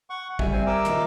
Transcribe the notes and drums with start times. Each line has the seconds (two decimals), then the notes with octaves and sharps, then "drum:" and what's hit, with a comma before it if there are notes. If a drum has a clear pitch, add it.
0.10 F#5 C#6
0.39 G3 E5 G#5, drum: kick
0.52 C4 C5 G#5
0.67 A#4 D6 E6
0.85 D#3 F4, drum: hi-hat